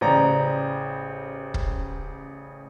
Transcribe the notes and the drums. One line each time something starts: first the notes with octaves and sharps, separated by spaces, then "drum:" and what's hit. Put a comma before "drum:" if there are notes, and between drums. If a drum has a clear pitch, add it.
A1 C#3 C5 D5 A#5
drum: kick